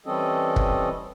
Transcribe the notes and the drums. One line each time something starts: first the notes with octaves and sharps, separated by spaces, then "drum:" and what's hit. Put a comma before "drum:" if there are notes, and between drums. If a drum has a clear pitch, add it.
E3 G3 C4 C#4 A4 D#5
drum: kick